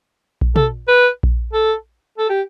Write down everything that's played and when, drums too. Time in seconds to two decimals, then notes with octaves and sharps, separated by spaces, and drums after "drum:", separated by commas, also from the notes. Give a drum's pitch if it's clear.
0.41 drum: kick A#1
0.56 A4, drum: tom
0.88 B4
1.23 drum: kick A#1
1.53 A4
2.18 A4
2.29 G4